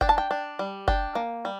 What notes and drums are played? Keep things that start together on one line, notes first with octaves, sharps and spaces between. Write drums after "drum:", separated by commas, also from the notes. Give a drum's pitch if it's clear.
D4 G5, drum: kick F#1
A5
G5
D4
G3
D4 G5, drum: kick F#1
A#3
G3